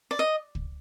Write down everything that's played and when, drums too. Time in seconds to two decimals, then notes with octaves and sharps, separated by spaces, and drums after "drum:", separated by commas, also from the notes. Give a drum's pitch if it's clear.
0.11 D5
0.19 D#5
0.55 drum: kick